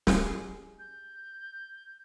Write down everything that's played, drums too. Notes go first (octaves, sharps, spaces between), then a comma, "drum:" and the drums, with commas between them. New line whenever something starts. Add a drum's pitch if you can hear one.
G4 G#4, drum: snare
G6